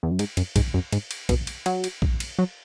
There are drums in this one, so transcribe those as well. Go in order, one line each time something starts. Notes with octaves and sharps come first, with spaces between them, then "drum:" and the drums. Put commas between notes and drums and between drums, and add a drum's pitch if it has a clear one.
E2
F#2
G#2, drum: cymbal
F#2, drum: cymbal
G#2, drum: kick, cymbal
F#2
G#2, drum: cymbal
drum: cymbal
B2, drum: kick, cymbal
drum: cymbal
F#3, drum: cymbal
drum: cymbal
drum: kick
drum: cymbal
F#3